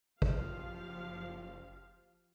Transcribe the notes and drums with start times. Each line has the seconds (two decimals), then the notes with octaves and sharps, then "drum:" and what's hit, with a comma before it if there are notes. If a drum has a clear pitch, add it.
0.22 F#1 F3 G4 F5, drum: kick